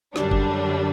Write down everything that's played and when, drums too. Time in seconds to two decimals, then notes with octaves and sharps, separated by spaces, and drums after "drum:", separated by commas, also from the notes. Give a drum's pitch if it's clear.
0.16 F#2 D3 G3 D4, drum: snare
0.31 drum: kick G1